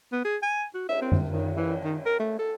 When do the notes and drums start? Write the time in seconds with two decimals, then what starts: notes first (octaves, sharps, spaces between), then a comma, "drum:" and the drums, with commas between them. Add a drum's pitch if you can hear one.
0.12 B3
0.25 G#4
0.43 G#5
0.74 F#4
0.89 E5, drum: cymbal
1.01 C4
1.12 drum: tom F#2
1.32 D#3, drum: cymbal
1.56 E3, drum: cymbal
1.84 D#3
2.06 A#4
2.19 A3
2.39 A4